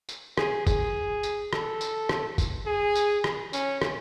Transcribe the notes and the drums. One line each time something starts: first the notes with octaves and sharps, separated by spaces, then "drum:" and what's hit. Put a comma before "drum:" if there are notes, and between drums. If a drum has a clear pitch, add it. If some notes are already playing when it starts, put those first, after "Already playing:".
drum: tambourine
G#4, drum: rim click
G#4, drum: kick, tambourine
drum: tambourine
A4, drum: rim click
drum: tambourine
drum: rim click
drum: kick, tambourine
G#4
drum: tambourine
drum: rim click
C#4, drum: tambourine
drum: rim click